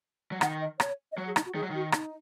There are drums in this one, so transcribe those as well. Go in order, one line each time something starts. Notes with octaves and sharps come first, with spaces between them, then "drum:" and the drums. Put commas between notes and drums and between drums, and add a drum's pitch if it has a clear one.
F#3
D#3 F#5, drum: rim click
D#5
C#5, drum: rim click
D#5
F#3 C#5
G#4
D#4, drum: rim click
F#4
D#3 G#4
F#3
D#3 F#4
D#4, drum: rim click